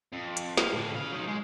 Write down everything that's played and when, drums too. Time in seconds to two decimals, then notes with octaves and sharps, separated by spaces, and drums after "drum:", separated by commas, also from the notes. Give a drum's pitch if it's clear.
0.12 F2
0.37 drum: hi-hat
0.57 F5, drum: snare
0.73 A2 D3
0.94 C#3 F5
1.12 F#3 D#4
1.28 G#3